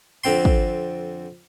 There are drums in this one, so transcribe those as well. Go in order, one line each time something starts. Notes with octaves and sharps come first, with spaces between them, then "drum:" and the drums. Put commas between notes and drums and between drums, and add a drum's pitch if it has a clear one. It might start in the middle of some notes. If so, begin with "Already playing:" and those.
F2 D3 C4 G5 C6
drum: kick